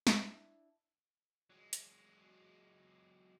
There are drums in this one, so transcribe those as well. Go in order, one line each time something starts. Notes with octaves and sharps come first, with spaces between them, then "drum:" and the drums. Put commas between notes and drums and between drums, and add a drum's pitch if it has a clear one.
D4 E4, drum: snare
F#3 G#3
drum: hi-hat